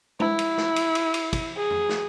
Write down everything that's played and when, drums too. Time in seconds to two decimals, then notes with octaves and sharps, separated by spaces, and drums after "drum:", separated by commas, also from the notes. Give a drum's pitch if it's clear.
0.20 E4, drum: tom G#3
0.39 drum: cymbal
0.57 drum: snare
0.76 drum: cymbal
0.95 drum: cymbal
1.14 drum: cymbal
1.33 drum: kick, cymbal
1.57 G#4
1.70 drum: tom F2
1.89 drum: snare